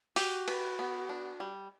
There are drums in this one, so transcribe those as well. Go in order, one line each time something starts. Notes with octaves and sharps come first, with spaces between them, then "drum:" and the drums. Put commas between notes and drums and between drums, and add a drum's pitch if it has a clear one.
F#4 G4, drum: open hi-hat
B4, drum: cymbal
B3
D4
G3